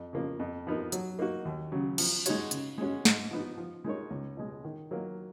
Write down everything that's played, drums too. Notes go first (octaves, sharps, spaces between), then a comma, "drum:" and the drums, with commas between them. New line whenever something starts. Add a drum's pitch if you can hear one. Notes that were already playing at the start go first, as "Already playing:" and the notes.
Already playing: F2
C#3 F3 A#3
F2
F3 B3 D#4 A#4
F#3, drum: hi-hat
A#3 D#4 F#4
D#2
C#3 F#3
F3, drum: cymbal
G#3 D#4 F#4 C#5, drum: hi-hat
C#3, drum: hi-hat
G#3 C#4 F#4
G#2, drum: snare
F3 B3 D#4
F3
G#3 D#4 A#4 C#5
C#2
B2 G#3
D#3
F#3 A#3 F4 A#4